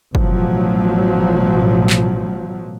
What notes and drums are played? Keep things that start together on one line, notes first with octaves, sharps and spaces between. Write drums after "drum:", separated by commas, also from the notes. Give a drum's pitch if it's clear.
A1 B2 F3 F#3, drum: kick
drum: clap